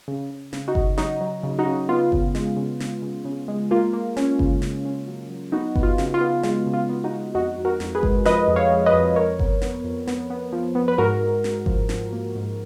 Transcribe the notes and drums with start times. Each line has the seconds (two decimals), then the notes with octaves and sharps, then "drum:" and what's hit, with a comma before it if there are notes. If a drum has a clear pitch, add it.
0.08 C#3
0.30 C#3
0.53 C#3, drum: snare
0.68 D#4 F#4
0.75 C#3, drum: kick G1
0.98 F#3 D#4 F#4, drum: snare
1.21 F#3
1.43 C#3
1.59 D#4 F#4
1.66 C#3
1.89 B3 F4
2.12 C#3, drum: kick G1
2.35 G#3, drum: snare
2.57 C#3
2.80 C#3, drum: snare
3.02 C#3
3.25 C#3
3.48 G#3
3.71 A#3 F4
3.93 A#3
4.17 C#4, drum: snare
4.39 C#3, drum: kick G1
4.62 C#3, drum: snare
4.85 C#4
5.07 F#3
5.30 F#3
5.52 B3 D#4 F#4
5.76 B3, drum: kick G1
5.83 F4
5.98 C#3, drum: snare
6.14 F4
6.21 B3
6.43 G#3 F4, drum: snare
6.66 C#3
6.74 F4
6.89 B3
7.04 D#4 F#4
7.12 G#3
7.35 F2 D#4 F#4
7.58 F2
7.65 F#4 A#4
7.80 F2, drum: snare
7.95 G#4 B4
8.03 G#3, drum: kick G1
8.25 F3 B4 D#5, drum: snare
8.48 F2
8.56 C#5 F5
8.71 G#3
8.86 B4 D#5
8.93 F2
9.16 F2 A#4 C#5
9.39 B3, drum: kick G1
9.62 B3, drum: snare
9.84 F2
10.07 B3, drum: snare
10.30 B3
10.53 F3
10.75 B3
10.88 B4
10.98 G#2 F#4 A#4
11.21 G#2
11.44 G#2, drum: snare
11.66 F3, drum: kick G1
11.89 F3, drum: snare
12.13 A#3
12.35 G#2